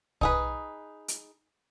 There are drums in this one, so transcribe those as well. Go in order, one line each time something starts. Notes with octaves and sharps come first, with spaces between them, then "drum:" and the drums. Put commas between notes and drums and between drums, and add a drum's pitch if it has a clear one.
D#4 G#4 B4, drum: kick B1
drum: hi-hat